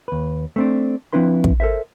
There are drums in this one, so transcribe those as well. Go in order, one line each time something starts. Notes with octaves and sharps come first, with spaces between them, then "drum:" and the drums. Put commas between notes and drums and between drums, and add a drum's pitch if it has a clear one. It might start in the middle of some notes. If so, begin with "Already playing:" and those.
D#2 B4
A3 C4 D4
F3 C4 D4 E4 B4 C6
drum: kick
A4 A#4 C5 E5